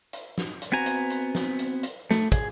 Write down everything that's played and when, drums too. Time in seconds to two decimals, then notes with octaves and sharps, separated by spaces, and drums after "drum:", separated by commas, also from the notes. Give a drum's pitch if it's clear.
0.13 drum: hi-hat
0.38 drum: snare
0.62 drum: hi-hat
0.72 B3 C4 F#4 G#5 A#5
0.86 drum: hi-hat
1.10 drum: hi-hat
1.35 drum: snare
1.59 drum: hi-hat
1.83 drum: hi-hat
2.11 A3, drum: snare
2.32 G#4, drum: kick, hi-hat